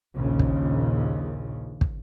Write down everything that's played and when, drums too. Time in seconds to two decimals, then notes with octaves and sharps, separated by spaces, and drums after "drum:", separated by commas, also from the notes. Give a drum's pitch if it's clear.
0.16 A#1 D#2 C#3
0.39 drum: kick
1.81 drum: kick